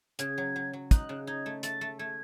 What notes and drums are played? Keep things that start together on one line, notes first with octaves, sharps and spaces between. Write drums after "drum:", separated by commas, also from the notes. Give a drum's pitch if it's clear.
C#3 G#6, drum: hi-hat
F#3
F#3
F#3
D#4 F#6, drum: kick, hi-hat
C#3
D#4 G#6
A3
A3 A6, drum: hi-hat
A3
A3 G#6